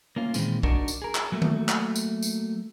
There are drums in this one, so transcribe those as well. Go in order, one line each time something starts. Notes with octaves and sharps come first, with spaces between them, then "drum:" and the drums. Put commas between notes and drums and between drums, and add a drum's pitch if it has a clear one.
A#3 C#4 F4
A#2 D#3 E3 G#3 C4, drum: tambourine
D4 D#4 F#4 A#4 D5, drum: kick
drum: tambourine
G#4 A#4
drum: clap
F#3 A3 A#3
drum: tom
drum: clap
drum: tambourine
drum: tambourine